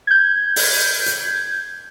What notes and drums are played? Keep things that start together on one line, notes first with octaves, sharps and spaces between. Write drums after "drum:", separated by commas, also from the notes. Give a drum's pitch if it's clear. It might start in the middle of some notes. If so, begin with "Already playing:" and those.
G6 G#6
drum: open hi-hat
drum: hi-hat